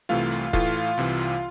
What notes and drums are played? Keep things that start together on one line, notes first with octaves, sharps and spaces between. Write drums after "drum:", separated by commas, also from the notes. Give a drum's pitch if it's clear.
C2 C3 E3 A3 F4 F5
drum: hi-hat
A2 E3 A3 F4 F5, drum: kick D#1
C2 C3 E3
drum: hi-hat